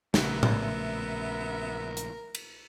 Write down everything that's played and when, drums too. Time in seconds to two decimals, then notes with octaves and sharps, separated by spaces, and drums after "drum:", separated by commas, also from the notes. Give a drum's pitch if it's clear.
0.14 A#1 C#3 A3 B3 A#4 E5, drum: snare
0.43 drum: tom A2
1.97 drum: hi-hat
2.35 drum: cymbal